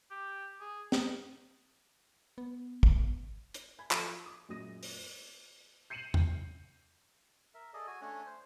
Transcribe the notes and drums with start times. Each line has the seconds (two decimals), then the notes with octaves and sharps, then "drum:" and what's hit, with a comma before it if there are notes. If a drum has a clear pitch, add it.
0.11 G4
0.61 G#4
0.92 D#4, drum: snare
2.38 B3
2.83 drum: kick
3.54 drum: hi-hat
3.79 G#5 B5 G#6
3.91 F3 A4 C6 D6, drum: clap
4.26 D6 D#6
4.49 F#2 A#2 G#3 D#6 A#6 D#7
4.83 drum: open hi-hat
5.90 G6 C7 C#7 D#7 E7 F#7
6.14 drum: tom E2
7.54 A#4 E5
7.74 G#4 A4 D5 D#5
7.87 F#4 G#5
8.01 A3 C#4 D4 C#5
8.26 C5